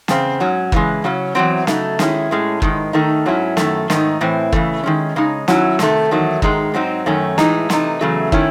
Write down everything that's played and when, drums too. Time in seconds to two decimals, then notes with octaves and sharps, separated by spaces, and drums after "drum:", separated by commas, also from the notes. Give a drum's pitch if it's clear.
0.08 E2 C#3 C4, drum: snare
0.40 G#2 F#3 C#4
0.72 C#3 E3 G#3, drum: kick
1.04 C#3 F#3 C#4
1.35 E2 D#3 F#3 C4
1.67 C#3 F#3 A3 D#4, drum: snare
1.99 D#3 G#3 C#4 E4, drum: snare
2.31 A2 G#3 C#4
2.62 G#2 D#3 G#3, drum: kick
2.93 D#3 A3 D#4
3.26 G#2 F#3 C#4 E4
3.57 F#2 D#3 A3, drum: snare
3.90 G#2 D#3 A3 D#4, drum: snare
4.21 A2 E3 C4
4.53 C#3 E3 A3, drum: kick
4.83 D#3 G#3 C#4
5.16 C#3 G#3 D#4
5.48 D#3 F#3 C#4 E4, drum: snare
5.79 C3 D#3 A3, drum: snare
6.11 E2 D#3 F#3 A3
6.42 G#2 D#3 G#3 D#4, drum: kick
6.74 G#2 F#3 C4 D#4
7.06 F#2 D#3 A3 C#4
7.38 A2 E3 G#3 D#4, drum: snare
7.70 C3 E3 A3 D#4, drum: snare
8.01 E2 C#3 F#3 A3
8.32 D#3 A3 C#4 E4, drum: kick